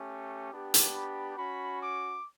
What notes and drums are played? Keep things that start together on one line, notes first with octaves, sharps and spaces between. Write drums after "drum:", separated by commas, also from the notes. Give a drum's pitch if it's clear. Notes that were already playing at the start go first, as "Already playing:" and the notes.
Already playing: A3 C#4 G4
B3 D4 G4
drum: hi-hat
B5
C#4 F#4 B5
D6